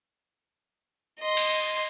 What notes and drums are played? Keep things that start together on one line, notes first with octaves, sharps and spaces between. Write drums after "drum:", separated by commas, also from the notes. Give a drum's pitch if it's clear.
D#5 C6
drum: cymbal